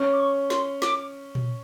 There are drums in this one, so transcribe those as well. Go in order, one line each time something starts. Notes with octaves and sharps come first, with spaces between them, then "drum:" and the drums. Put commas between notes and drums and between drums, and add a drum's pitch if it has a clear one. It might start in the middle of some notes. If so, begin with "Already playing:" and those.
Already playing: C#4
D6
C#6
C6, drum: snare
D6, drum: snare
drum: tom A#2